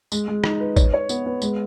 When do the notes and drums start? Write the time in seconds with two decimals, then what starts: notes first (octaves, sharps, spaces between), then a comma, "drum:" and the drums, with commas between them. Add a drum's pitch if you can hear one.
0.12 G#3, drum: tambourine
0.28 G#3
0.44 D#4, drum: rim click
0.60 B4
0.76 C#5, drum: kick, tambourine
0.94 C#5
1.09 B3, drum: tambourine
1.26 B3
1.42 G#3, drum: tambourine